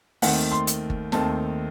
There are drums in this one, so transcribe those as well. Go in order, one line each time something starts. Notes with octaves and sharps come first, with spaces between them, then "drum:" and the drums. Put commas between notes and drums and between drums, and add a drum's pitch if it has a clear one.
D#2 D#3 A3 C4 F#5, drum: open hi-hat
C6
drum: hi-hat
drum: kick G1
D#2 D#3 A3 C4 A5, drum: snare